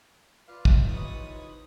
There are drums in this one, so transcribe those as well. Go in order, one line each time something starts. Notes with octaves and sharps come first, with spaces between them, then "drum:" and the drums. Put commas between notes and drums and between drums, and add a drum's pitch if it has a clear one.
F4 B4 D5 F5
drum: kick
C3 E3 D#4 B4 C#5 D#6